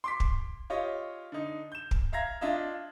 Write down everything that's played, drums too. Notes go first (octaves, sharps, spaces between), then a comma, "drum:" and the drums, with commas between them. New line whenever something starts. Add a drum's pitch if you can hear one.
C6 D6 B6
drum: kick
F4 G4 C#5 D#5
D3 D#4
G6 E7
drum: kick
E5 F5 A#5 G#6 A#6
D4 F4 D#5 E5